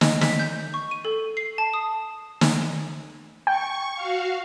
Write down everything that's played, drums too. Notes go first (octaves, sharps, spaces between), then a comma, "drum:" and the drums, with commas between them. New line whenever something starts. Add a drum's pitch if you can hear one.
D#5, drum: snare
B6, drum: snare
G6
C#6
D#7
A4
C7
A5
D#6
drum: snare
G5 C#6
F#4 F5